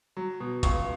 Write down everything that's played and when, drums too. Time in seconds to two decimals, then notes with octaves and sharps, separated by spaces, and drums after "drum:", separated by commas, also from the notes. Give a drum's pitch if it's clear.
0.17 F#3
0.40 B2
0.63 C#2 C#6, drum: kick, hi-hat